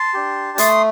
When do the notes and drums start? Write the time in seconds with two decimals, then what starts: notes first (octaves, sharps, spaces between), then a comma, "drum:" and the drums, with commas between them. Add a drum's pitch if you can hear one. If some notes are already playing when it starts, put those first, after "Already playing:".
Already playing: A5 C6
0.14 D4 G4
0.58 A3 C6 D#6, drum: hi-hat